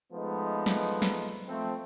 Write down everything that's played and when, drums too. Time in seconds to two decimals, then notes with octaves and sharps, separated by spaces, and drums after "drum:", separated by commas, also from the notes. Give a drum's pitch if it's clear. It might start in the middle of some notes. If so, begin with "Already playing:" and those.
0.13 F3 G#3 A3 B3 D#4
0.66 drum: snare
1.02 drum: snare
1.48 F3 A3 C4